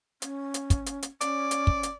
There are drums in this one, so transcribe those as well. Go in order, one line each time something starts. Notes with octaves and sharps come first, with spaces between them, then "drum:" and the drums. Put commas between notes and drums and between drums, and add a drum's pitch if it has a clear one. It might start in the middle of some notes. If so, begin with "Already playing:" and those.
C#4, drum: hi-hat
drum: hi-hat
drum: kick, hi-hat
drum: hi-hat
drum: hi-hat
C#4 D5, drum: hi-hat
drum: hi-hat
drum: kick
drum: hi-hat